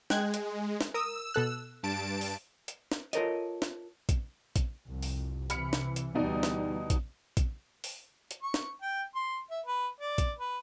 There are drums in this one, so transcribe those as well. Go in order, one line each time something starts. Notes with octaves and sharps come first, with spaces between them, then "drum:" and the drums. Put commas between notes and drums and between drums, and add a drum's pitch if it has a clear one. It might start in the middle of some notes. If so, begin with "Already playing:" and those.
G#3 G5 F#6 G#6, drum: snare
drum: hi-hat
drum: snare
A#4 D#6 E6
B2 A4 F#6
G2 A5 D7
drum: open hi-hat
drum: hi-hat
drum: snare
F4 A4 A#4 C#5 D#5, drum: hi-hat
drum: snare
drum: kick, hi-hat
drum: kick, hi-hat
C2 F2
drum: open hi-hat
C3 E3 B5 F6 C#7, drum: hi-hat
drum: snare
drum: hi-hat
D2 B2 E3 G3 D#4 D5
drum: snare
drum: kick, hi-hat
drum: kick, hi-hat
drum: open hi-hat
drum: hi-hat
C#6
drum: snare
G5
C6
E5
B4
D5
drum: kick, hi-hat
B4